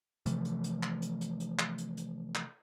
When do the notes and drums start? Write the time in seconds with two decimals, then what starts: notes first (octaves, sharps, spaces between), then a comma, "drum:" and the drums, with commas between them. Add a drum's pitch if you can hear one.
0.26 C3 E3 F3 A3, drum: hi-hat
0.45 drum: hi-hat
0.64 drum: hi-hat
0.83 drum: clap
1.02 drum: hi-hat
1.21 drum: hi-hat
1.40 drum: hi-hat
1.59 drum: clap
1.78 drum: hi-hat
1.97 drum: hi-hat
2.35 drum: clap